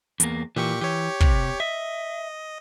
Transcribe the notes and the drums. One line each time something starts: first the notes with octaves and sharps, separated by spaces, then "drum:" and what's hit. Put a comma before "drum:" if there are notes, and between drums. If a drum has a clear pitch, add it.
E2 A#3, drum: hi-hat
A#2 E3 G4 C#6
E3 G4 C#5
C3, drum: kick
D#5 E5